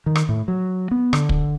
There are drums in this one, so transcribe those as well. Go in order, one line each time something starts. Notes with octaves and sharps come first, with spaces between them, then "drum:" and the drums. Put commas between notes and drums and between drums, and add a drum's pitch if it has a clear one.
D#3
drum: rim click
A2
F#3
B3
D3, drum: rim click
drum: kick